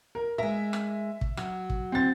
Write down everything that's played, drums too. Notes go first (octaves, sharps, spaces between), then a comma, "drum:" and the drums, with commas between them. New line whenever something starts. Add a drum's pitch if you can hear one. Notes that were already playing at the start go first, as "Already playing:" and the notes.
A#4
G#3 A#4 E5
drum: rim click
drum: kick
F#3, drum: rim click
drum: kick
C4 A6